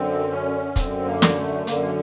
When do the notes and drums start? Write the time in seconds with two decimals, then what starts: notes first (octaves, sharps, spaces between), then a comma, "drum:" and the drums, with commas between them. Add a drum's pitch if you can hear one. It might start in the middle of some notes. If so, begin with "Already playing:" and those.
Already playing: F#2 D3 C4
0.31 C#4
0.76 F#2 D3 C4, drum: kick, hi-hat
1.07 A#3
1.22 drum: snare
1.37 A3
1.67 F#2 D3 A#3, drum: hi-hat